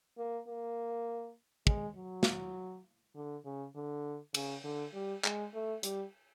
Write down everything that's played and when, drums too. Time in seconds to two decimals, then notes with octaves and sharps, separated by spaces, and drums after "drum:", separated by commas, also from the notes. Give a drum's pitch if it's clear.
0.18 A#3
0.47 A#3
1.67 G#3, drum: kick
1.96 F#3
2.23 drum: snare
3.15 D3
3.45 C#3
3.75 D3
4.34 C#3, drum: cymbal
4.64 D3
4.94 G3
5.24 G#3, drum: clap
5.54 A3
5.83 G3, drum: hi-hat